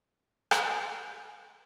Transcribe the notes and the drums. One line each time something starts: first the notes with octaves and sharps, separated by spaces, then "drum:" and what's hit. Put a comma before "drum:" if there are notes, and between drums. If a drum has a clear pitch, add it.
G#4 E5 F#5
drum: rim click
E3 G#4 D#6
G#2 F3 E4